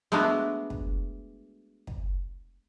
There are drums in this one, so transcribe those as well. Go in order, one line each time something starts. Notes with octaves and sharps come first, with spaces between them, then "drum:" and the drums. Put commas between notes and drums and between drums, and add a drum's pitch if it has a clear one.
G#3 A3 B3 D4 F#4
drum: kick
drum: kick